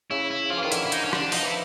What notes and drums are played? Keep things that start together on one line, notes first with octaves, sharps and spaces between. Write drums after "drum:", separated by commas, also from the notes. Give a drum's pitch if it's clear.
C#3 E4
E4
F3 F4
E3
D#3 F4
D3 E4, drum: hi-hat
E4
D#4, drum: hi-hat
C#4
D4, drum: rim click
F3 D#4, drum: open hi-hat
E3 E4